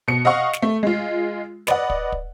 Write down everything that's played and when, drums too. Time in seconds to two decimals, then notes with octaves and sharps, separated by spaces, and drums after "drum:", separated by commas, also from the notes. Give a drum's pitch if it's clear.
0.08 B2 C#7
0.25 D#5 F5 F#5 C#6
0.53 drum: snare
0.62 A3
0.83 G#3 F4
1.67 B4 D5 D#5 F#5, drum: snare
1.90 drum: kick
2.12 drum: kick